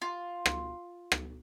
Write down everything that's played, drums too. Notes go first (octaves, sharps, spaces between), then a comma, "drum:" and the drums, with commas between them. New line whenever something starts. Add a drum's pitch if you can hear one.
F4
drum: rim click
drum: rim click